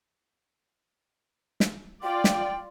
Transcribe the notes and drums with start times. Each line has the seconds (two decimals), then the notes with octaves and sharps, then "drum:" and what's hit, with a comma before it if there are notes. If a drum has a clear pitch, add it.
1.60 drum: snare
2.03 F4 D5 G5
2.24 drum: snare